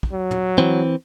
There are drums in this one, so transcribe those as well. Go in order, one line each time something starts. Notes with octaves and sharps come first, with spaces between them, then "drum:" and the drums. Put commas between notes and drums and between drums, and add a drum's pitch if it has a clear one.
drum: kick
F#3
drum: tom
E3 C4